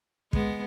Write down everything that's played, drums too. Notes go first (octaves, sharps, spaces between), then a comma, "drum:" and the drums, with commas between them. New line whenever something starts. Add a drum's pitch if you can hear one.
G#3 B3, drum: kick